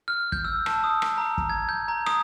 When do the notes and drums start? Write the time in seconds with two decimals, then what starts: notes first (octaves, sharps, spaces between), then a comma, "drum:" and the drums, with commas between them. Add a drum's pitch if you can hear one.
0.08 F6
0.32 G6, drum: kick
0.45 E6
0.66 A5, drum: rim click
0.84 D#6
1.02 drum: rim click
1.18 A#5
1.38 drum: kick
1.50 G#6
1.69 G6
1.88 A#5
2.06 D#6, drum: rim click